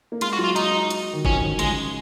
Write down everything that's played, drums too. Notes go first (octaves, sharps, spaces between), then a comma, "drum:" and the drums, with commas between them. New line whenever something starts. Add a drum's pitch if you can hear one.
A#3
G#3 F4, drum: hi-hat
F#4
F#3
F4
D#4, drum: hi-hat
drum: hi-hat
D#3
F3 C#4, drum: kick G1
D#3
C#3 G#3, drum: hi-hat